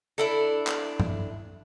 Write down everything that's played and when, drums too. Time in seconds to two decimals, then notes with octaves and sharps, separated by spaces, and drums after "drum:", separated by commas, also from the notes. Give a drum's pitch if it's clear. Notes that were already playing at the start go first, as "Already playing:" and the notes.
0.18 D4 E4 A4
0.67 drum: clap
1.00 drum: tom G2